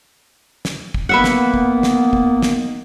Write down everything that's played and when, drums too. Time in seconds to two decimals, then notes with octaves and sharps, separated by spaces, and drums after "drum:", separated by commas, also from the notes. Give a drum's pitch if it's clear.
0.65 drum: snare
0.94 drum: kick
1.09 D#3 A#3 B3 B4 E5 F#5
1.24 drum: snare
1.54 drum: kick
1.83 drum: snare
2.13 drum: kick
2.43 drum: snare